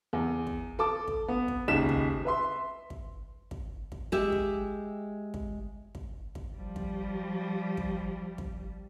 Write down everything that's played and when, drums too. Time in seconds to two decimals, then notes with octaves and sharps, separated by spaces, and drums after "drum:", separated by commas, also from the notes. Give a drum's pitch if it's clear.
0.13 E2
0.47 drum: kick
0.79 A4 A5 D6
1.08 drum: kick
1.28 B3
1.48 drum: kick
1.68 D#1 C#2 D#4 B6 E7
1.89 drum: kick
2.25 B4 E5 C6
2.90 drum: kick
3.51 drum: kick
3.92 drum: kick
4.12 G#3 G4 E5
4.32 drum: kick
5.34 drum: kick
5.95 drum: kick
6.35 drum: kick
6.57 F3 G3
6.76 drum: kick
7.77 drum: kick
8.38 drum: kick